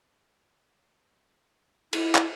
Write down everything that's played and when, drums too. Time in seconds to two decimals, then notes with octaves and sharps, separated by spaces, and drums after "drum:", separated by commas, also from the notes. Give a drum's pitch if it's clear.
1.93 E4, drum: cymbal
2.15 drum: clap